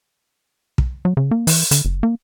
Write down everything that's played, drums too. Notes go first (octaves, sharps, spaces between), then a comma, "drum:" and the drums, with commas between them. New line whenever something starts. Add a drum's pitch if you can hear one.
drum: kick
F#3
C#3
A#3
E3, drum: open hi-hat
D3, drum: hi-hat
F#1
A#3